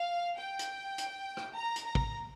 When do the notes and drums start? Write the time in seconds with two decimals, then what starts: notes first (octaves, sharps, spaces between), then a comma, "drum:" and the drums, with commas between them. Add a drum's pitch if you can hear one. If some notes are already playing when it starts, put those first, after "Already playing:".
Already playing: F5
0.40 G5
0.59 drum: hi-hat
0.98 drum: hi-hat
1.37 drum: rim click
1.56 A#5
1.76 drum: hi-hat
1.86 A#5
1.95 drum: kick